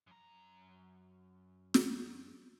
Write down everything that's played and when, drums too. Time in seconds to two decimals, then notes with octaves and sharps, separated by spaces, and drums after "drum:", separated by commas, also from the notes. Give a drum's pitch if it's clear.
0.07 F#2 A#5
1.74 drum: snare